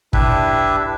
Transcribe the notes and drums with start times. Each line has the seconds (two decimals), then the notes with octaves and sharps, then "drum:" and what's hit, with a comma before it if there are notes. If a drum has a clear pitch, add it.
0.13 D4 E4 G4 B4 E5, drum: kick